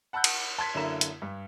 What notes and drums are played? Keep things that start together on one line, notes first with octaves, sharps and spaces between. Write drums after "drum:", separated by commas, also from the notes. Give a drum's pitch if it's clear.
F#5 A5 B5 E6 F#6 G6
drum: cymbal
A5 C6 G#6 B6
F#2 D3 A#3 E4 A#5 E7
drum: hi-hat
G2